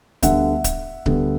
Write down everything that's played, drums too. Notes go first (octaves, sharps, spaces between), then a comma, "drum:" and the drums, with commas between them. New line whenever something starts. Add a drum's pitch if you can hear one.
D2 D3 G3 B3 E5 F#5, drum: kick C#1, hi-hat
drum: kick C#1, hi-hat
D2 D3 G3 B3, drum: kick C#1